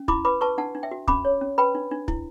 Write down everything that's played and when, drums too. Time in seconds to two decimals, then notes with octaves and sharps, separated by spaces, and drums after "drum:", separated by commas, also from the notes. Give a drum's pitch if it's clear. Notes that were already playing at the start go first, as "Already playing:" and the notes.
Already playing: C#4
0.08 E4 B5 D6, drum: kick
0.25 B4 B5 D6
0.41 B4 A5 C#6
0.58 D4 F#5 A5
0.75 D4
0.83 E5 G5
0.91 F#4
1.08 C#4 B5 D6, drum: kick
1.25 C#5
1.41 C#4
1.58 B4 G5 B5
1.75 D4
1.91 D4
2.08 E4, drum: kick